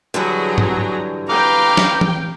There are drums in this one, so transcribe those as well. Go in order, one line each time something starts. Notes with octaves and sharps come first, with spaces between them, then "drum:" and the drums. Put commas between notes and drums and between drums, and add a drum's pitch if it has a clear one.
D3 E3 F#3 G3 G#4 A#5
drum: tom G2
B4 F5 G5 A#5 D6
drum: snare
drum: tom E3